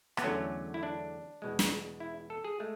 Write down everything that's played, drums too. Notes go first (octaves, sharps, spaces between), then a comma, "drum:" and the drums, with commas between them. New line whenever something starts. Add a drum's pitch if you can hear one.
B3, drum: rim click
E2 D3 F#3 A3 C#4
E4
D4
E2 B2 G#3
drum: snare
E4
A4
G#4
G#3 A3